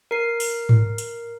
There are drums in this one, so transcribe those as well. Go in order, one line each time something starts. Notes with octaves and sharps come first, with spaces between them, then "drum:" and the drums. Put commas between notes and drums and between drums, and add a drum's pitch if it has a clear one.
A#4 C7
drum: open hi-hat
drum: tom G#2
drum: hi-hat